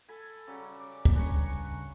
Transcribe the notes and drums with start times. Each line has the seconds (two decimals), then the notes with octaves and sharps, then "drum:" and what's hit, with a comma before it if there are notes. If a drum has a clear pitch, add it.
0.08 A4 G#5 B5
0.47 C#3 F#3 G3
0.80 D6
1.05 drum: kick
1.15 G2 C#3 B4 G#5 A#5 C#6